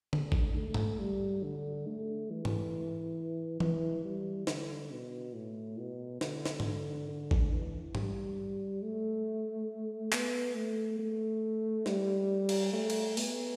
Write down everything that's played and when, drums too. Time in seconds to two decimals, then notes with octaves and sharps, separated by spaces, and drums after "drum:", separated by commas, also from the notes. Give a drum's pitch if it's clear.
0.13 D3, drum: tom D3
0.32 drum: kick A1
0.56 A3
0.74 drum: tom G#2
0.99 G3
1.43 D3
1.87 A3
2.30 E3
2.45 drum: tom G#2
3.60 E3, drum: tom E3
4.04 G3
4.47 D3, drum: snare
4.91 B2
5.34 A2
5.78 B2
6.21 D3, drum: snare
6.46 drum: snare
6.60 drum: tom G#2
7.08 D3
7.31 drum: kick A1
7.52 E3
7.95 G3, drum: tom G#2
8.82 A3
10.13 B3, drum: clap
10.56 A3
10.99 A3
11.86 G3, drum: snare
12.49 drum: cymbal
12.73 A3
12.90 drum: cymbal
13.17 B3, drum: open hi-hat